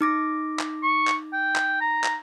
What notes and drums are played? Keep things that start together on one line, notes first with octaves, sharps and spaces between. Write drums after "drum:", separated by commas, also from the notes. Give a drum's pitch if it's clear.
D#4 D6 A#6
drum: clap
C#6
drum: clap
G5
drum: clap
A#5
drum: clap